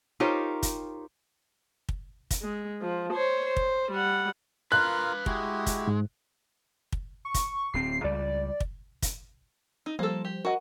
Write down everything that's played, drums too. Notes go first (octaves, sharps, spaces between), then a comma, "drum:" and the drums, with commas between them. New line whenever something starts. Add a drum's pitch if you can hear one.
D#4 F4 G4 A#4 C5 C#5
drum: kick, hi-hat
drum: kick
drum: kick, hi-hat
G#3
F3
C5 C#5
C5
drum: kick
G3 F#5
F4 A#4 B4 F5 F#6
G#3 E4 F#4 G4, drum: kick
drum: kick, hi-hat
G#2
drum: kick
C#6
drum: kick, hi-hat
D1 C4 C7
C#2 G3 D5
drum: kick
drum: kick, hi-hat
D#4
F3 G3 A#3 A4 C5
G4
F#4 A#4 D#5 F#5